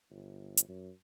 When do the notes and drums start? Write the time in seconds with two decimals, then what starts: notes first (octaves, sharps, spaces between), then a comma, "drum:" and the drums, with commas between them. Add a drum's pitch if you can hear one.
0.10 G1
0.57 drum: hi-hat
0.68 F#2